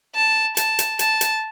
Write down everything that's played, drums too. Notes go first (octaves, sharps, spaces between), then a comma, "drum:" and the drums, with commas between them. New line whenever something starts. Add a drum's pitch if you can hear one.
A5
A5, drum: hi-hat
drum: hi-hat
A5, drum: hi-hat
drum: hi-hat